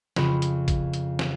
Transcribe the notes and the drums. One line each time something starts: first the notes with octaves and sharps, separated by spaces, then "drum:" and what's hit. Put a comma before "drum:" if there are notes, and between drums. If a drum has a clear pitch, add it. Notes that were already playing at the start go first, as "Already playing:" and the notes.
F2 C#3 F4 B5, drum: snare
drum: hi-hat
drum: kick A#1, hi-hat
drum: hi-hat
drum: snare